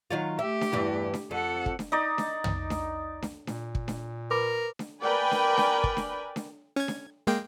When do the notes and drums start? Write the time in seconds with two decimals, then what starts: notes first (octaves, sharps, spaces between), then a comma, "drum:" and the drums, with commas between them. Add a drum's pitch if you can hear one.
0.11 D#3 F#3 F4
0.39 A3 G4 E5
0.61 drum: snare D4
0.72 E2 G2 E3
1.14 drum: snare D4
1.31 F2 A4 F#5
1.66 drum: kick
1.79 drum: snare D4
1.92 D#4 D5
2.18 drum: snare D4
2.44 drum: tom
2.70 drum: snare D4
3.22 drum: snare D4
3.47 A#2, drum: snare D4
3.75 drum: kick
3.88 drum: snare D4
4.31 A#4 B4 B5 D6
4.79 drum: snare D4
5.01 A#4 B4 D5 G5 G#5 B5
5.31 drum: snare D4
5.57 drum: snare D4
5.84 drum: kick
5.97 drum: snare D4
6.36 drum: snare D4
6.76 C#4 G#6
6.88 drum: snare D4
7.27 G#3 A#3 G5